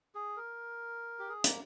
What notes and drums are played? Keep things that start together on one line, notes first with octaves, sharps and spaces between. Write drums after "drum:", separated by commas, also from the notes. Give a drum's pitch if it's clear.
G#4
A#4
G4
G#4
A#3, drum: hi-hat